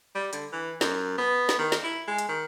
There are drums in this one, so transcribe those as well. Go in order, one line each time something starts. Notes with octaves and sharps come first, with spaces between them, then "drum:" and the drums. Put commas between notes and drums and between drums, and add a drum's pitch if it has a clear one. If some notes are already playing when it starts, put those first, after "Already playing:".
G3
D3, drum: hi-hat
E3
F#2, drum: snare
B3
drum: snare
D#3
drum: snare
E4
G#3
drum: hi-hat
D#3